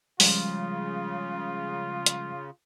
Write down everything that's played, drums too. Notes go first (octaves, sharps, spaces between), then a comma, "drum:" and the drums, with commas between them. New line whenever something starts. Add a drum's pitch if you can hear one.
C#3 F3 G3 G#3 F4, drum: open hi-hat
drum: hi-hat